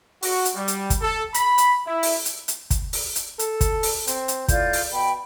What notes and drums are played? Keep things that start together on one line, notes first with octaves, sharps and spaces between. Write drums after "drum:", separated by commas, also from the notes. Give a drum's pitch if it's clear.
F#4, drum: open hi-hat
drum: hi-hat
G3
drum: hi-hat
drum: kick, hi-hat
A4
B5, drum: hi-hat
drum: hi-hat
E4
drum: open hi-hat
drum: hi-hat
drum: hi-hat
drum: kick, hi-hat
drum: open hi-hat
drum: hi-hat
A4, drum: hi-hat
drum: kick, hi-hat
drum: open hi-hat
C4, drum: hi-hat
drum: hi-hat
A2 F4 D5 G6, drum: kick, hi-hat
drum: open hi-hat
B2 G5 B5